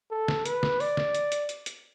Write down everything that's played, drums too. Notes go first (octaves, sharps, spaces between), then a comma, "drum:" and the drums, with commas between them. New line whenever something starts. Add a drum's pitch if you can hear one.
A4
drum: snare
B4, drum: hi-hat
drum: snare
D5, drum: open hi-hat
drum: snare
drum: hi-hat
drum: hi-hat
drum: hi-hat
drum: hi-hat